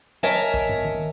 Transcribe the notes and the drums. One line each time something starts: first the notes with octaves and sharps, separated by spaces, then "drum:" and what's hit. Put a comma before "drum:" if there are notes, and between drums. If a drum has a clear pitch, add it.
A#4 C#5 D#5 E5 G#5 A5
drum: kick
drum: tom
drum: tom D#3